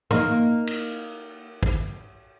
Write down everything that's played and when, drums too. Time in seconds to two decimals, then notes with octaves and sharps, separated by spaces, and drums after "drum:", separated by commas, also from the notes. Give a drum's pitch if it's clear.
0.11 A#3 D#4, drum: tom
0.67 drum: cymbal
1.63 drum: kick